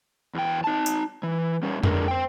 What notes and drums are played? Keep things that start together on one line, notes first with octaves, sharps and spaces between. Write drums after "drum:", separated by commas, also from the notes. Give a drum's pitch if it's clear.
E2 G5
D#4 A5
drum: tambourine
E3
G3 C#4
G#3 A3 D4 G#4 A#4, drum: tom F2
C5 G5